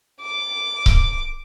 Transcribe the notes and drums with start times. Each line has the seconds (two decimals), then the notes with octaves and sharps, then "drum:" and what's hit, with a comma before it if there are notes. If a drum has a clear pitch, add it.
0.21 D6
0.86 drum: kick C#1